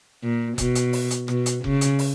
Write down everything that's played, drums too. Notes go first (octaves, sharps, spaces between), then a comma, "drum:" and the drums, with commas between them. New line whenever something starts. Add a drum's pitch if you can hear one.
A#2
B2, drum: kick F1, hi-hat
drum: hi-hat
drum: open hi-hat
drum: hi-hat
B2, drum: rim click
drum: hi-hat
C#3, drum: kick F1
drum: hi-hat
drum: open hi-hat